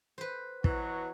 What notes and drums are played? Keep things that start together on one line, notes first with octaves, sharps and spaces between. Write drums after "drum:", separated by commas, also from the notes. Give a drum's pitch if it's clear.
B4 C5
B2 E3 F#3 F#4, drum: kick